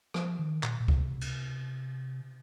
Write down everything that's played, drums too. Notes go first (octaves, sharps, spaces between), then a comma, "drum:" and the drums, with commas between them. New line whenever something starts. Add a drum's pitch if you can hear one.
F3, drum: rim click
D#3
A#2, drum: clap
A#2
C3, drum: kick C#2
drum: cymbal